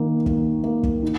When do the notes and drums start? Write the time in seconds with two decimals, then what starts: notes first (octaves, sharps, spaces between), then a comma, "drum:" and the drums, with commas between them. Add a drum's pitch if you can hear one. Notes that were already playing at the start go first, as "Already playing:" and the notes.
Already playing: D#3 A#3
0.26 A#3, drum: kick
0.64 A#3
0.83 drum: kick
1.03 D#4